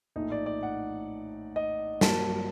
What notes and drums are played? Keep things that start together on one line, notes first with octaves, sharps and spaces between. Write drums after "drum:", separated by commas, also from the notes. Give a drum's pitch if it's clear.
A#1 A2 A3 D#4
D5
D5
F#5
D#5
G2 F#3 A#3 A5, drum: snare